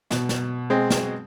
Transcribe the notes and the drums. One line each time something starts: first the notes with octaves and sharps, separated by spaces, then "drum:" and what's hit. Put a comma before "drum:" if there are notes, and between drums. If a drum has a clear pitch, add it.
B2, drum: snare
drum: snare
G#3 C4
drum: snare